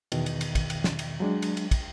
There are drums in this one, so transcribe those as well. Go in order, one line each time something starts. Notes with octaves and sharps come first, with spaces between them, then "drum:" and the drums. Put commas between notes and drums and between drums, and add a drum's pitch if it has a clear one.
E2 B2 D#3, drum: cymbal
drum: cymbal
drum: cymbal
drum: kick, cymbal
drum: cymbal
drum: snare
drum: cymbal
F#3 G#3 D4
drum: cymbal
drum: cymbal
drum: kick, cymbal